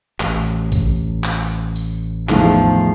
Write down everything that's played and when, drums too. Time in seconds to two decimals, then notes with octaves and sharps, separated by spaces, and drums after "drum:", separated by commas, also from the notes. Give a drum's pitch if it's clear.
0.20 A1, drum: clap
0.72 drum: kick G#1, tambourine
1.24 drum: clap
1.76 drum: tambourine
2.29 E2 A2 D#3 F3, drum: clap